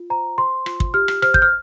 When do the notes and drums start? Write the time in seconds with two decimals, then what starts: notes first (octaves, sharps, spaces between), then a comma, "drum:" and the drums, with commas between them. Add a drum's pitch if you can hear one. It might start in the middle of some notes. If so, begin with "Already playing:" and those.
Already playing: F4
0.10 C5 A#5
0.38 C5 C6
0.66 F4, drum: rim click
0.80 drum: kick
0.94 G4 F6
1.08 drum: rim click
1.22 C5 F6, drum: rim click
1.34 G6, drum: kick
1.42 F6